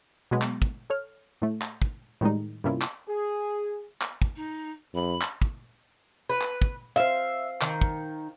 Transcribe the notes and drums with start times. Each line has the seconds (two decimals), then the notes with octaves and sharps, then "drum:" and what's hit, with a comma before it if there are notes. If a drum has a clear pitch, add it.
0.31 B2 F#3 G#3 B3
0.42 drum: clap
0.62 drum: kick
0.90 A4 C#5 F6
1.42 A2 A3
1.62 drum: clap
1.82 drum: kick
2.21 A2 D#3 G3 G#3 D#4
2.64 G2 C3 A#3 C#4 E4 F4
2.82 drum: clap
3.07 G#4
4.02 drum: clap
4.22 drum: kick
4.35 D#4
4.94 F2 B5
5.22 drum: clap
5.42 drum: kick
6.30 B4
6.42 drum: clap
6.62 drum: kick
6.96 C5 E5 F5
7.62 D#3, drum: clap
7.82 drum: kick